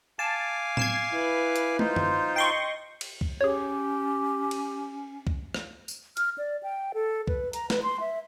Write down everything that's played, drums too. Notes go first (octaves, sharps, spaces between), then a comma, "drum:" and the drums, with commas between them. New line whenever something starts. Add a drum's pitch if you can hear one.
F5 G#5 A5 D6
G#6 C7 E7, drum: tom A2
E4 B4
drum: hi-hat
D#4 F4 C5, drum: tom
drum: tom F#2
D#5 G5 C6 C#6
drum: cymbal
drum: kick C2
C#4 G4 G#4 C#5
drum: cymbal
drum: kick C2
drum: rim click
drum: tambourine
F6, drum: hi-hat
D5
G5
A4
B4, drum: kick C2
A#5, drum: hi-hat
B4, drum: snare
C6
E5